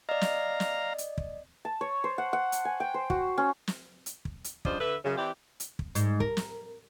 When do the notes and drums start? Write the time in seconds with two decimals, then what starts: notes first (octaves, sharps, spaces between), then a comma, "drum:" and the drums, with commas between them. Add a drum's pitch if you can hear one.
0.09 D5 D#5 F5 A#5
0.21 drum: snare
0.60 drum: snare
0.98 drum: hi-hat
1.18 drum: kick
1.65 A5
1.81 C#5
2.04 C5
2.18 F#5
2.33 F#5
2.52 drum: hi-hat
2.65 G#5
2.80 G5
2.94 C5
3.10 F#4, drum: kick
3.38 C#4
3.68 drum: snare
4.06 drum: hi-hat
4.25 drum: kick
4.44 drum: hi-hat
4.65 G2 C#3 F3 C5 D5 D#5, drum: kick
4.79 D3 B4 E5
5.04 F#2 C#3
5.17 E3 C4 E4 G4 C5 D5
5.60 drum: hi-hat
5.79 drum: kick
5.95 G#2, drum: hi-hat
6.20 A#4, drum: kick
6.37 drum: snare